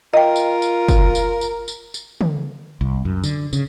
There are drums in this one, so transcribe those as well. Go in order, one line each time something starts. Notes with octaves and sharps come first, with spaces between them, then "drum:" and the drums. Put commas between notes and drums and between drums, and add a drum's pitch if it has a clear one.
F4 A#4 D#5 G5
drum: tambourine
drum: tambourine
drum: kick, tambourine
drum: tambourine
drum: tambourine
drum: tambourine
drum: tambourine
drum: tom
C2
F#2
D3, drum: tambourine
C#3, drum: tambourine